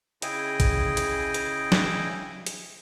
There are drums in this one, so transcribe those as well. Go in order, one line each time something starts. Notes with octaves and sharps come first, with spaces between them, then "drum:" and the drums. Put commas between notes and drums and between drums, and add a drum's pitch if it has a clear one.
C#3 E4 G#4 D#5 G5 D#6, drum: hi-hat
drum: kick, hi-hat
drum: hi-hat
drum: hi-hat
drum: snare
drum: hi-hat